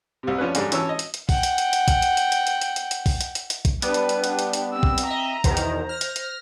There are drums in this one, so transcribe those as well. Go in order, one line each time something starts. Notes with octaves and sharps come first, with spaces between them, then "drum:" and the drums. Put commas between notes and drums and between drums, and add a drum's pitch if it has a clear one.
C2 C3
F3 C#4 D4 B4
G#2 D3 G3, drum: hi-hat
E3 C#4 C#5 A5 E6, drum: hi-hat
D#5
drum: hi-hat
drum: hi-hat
F#5 G5, drum: kick A#1, open hi-hat
drum: hi-hat
drum: hi-hat
drum: hi-hat
drum: kick A#1, hi-hat
drum: hi-hat
drum: hi-hat
drum: hi-hat
drum: hi-hat
drum: hi-hat
drum: hi-hat
drum: hi-hat
drum: kick A#1, open hi-hat
drum: hi-hat
drum: hi-hat
drum: hi-hat
drum: kick A#1, hi-hat
G3 B3 D4 B4 D5, drum: hi-hat
drum: hi-hat
drum: hi-hat
D4 G4, drum: hi-hat
drum: hi-hat
drum: hi-hat
C4 E6
drum: kick A#1
drum: hi-hat
D#5 E5 A#5
E2 B2 D#3 C5, drum: kick A#1, hi-hat
drum: hi-hat
F6 A#6
drum: hi-hat
drum: hi-hat